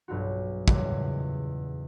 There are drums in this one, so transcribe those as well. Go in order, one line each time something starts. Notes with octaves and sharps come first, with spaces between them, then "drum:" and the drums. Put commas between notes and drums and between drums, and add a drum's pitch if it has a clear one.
B1 G2 F4 F#4
E2 A#2 C#3 G3 G#3, drum: kick